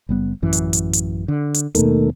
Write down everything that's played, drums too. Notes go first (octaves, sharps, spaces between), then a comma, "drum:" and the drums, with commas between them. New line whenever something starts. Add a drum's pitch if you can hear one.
F#1 G3 B3
A1 F#2 E3
drum: hi-hat
drum: hi-hat
drum: hi-hat
D3
drum: hi-hat
D#2 B2 D#3 A3 A#3, drum: hi-hat